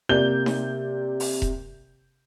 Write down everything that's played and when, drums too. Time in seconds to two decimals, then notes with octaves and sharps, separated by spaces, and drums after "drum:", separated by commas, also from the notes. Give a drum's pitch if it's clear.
0.09 C3 A#3 D5 G6 G7
0.46 drum: snare D#4
1.20 drum: open hi-hat
1.42 drum: kick E1